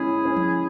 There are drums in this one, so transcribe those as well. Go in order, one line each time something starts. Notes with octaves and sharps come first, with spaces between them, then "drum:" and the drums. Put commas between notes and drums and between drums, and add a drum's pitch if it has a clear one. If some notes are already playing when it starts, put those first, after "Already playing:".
Already playing: G#3 C#4 E4 G#4
C#4
drum: tom F3